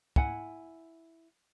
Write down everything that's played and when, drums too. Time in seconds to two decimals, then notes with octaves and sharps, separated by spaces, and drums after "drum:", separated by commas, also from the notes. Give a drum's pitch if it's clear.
0.16 E4 F#5 G#5, drum: kick